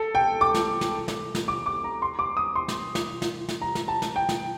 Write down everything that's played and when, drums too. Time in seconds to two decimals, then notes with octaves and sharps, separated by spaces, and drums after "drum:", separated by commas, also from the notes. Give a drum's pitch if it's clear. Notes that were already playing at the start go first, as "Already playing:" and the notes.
Already playing: A4
0.15 G5
0.41 D6
0.54 drum: snare
0.81 drum: snare
1.08 drum: snare
1.35 drum: snare
1.48 D6
1.66 D6
1.84 A#5
2.02 C6
2.19 D6
2.37 D#6
2.55 C6
2.68 drum: snare
2.95 drum: snare
3.22 drum: snare
3.49 drum: snare
3.62 A#5
3.75 drum: snare
3.88 A5
4.02 drum: snare
4.16 G5
4.29 drum: snare